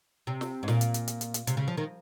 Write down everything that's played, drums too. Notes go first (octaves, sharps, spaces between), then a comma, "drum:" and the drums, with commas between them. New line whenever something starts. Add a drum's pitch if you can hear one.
C3
drum: snare
G#2
A#2, drum: snare
drum: hi-hat
drum: hi-hat
drum: hi-hat
drum: hi-hat
drum: hi-hat
C3, drum: hi-hat
C#3
F3
D#3